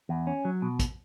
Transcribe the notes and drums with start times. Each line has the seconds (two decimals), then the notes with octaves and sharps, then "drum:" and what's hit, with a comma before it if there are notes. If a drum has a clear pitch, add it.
0.09 E2
0.27 C#4
0.45 F#3
0.62 B2
0.79 drum: kick, hi-hat